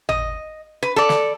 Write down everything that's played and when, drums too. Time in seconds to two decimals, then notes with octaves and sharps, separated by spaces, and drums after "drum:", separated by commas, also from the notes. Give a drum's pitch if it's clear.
0.09 D#5, drum: tom
0.83 B4
0.96 A4 D5
1.09 drum: snare